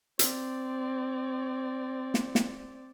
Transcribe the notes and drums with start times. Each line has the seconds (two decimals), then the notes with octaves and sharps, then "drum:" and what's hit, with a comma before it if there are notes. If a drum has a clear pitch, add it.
0.19 C4 D5, drum: hi-hat
2.14 drum: snare
2.35 drum: snare